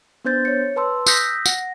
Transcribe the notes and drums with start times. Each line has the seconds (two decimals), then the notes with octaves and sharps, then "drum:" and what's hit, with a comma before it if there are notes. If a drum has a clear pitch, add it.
0.25 B3 D4 C5 G6 A6
0.45 C#5 C#7
0.76 B4 A5 C6 E6
1.06 D#6 E6 F#6 G6 A#6 B6, drum: tambourine
1.46 F#5 A#6, drum: tambourine